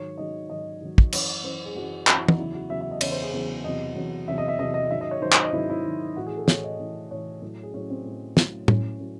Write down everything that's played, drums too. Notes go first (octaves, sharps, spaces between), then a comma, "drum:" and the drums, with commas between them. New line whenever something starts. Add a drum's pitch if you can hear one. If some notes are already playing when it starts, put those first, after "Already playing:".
Already playing: G#2 D#3 F#3 C#5
G#2 D#3 F#3 D#5
G#2 D#3 F#3 D#5
G#2 D#3 F#3
drum: kick
F#2 E3 C#5, drum: cymbal
F#2 E3 C5
G#4
F#2 E3 F#4
F#2 E3 F#4, drum: clap
E4
D#4, drum: tom
E2 C#3 F#3 E4
F#4
E2 C#3 F#3 E5
E5
D#5
E2 C#3 F#3 C#5, drum: cymbal
C5
G#4
E2 C#3 F#3
E2 C3 F#3 D#5
E2 C3 F#3
E2 C3 F#3 E5
D#5
E5
E2 C3 F#3 D#5
D#5
G#2 D#3 F#3 E5
D#5
C#5
G#2 D#3 F#3 C5
C#5, drum: clap
D#5
G#2 D#3 F#3 E4
E4
G#2 D#3 F#3
A2 E3 F#4
G#4
A4
A2 E3 C#5, drum: snare
D#5
A2 E3
A2 E3 C#5
A2 F#3
G#4
A2 F#3 C#4
C4
A2 F#3
A2 F#3, drum: snare
A2 F#3 C#4, drum: tom A2
A2 F#3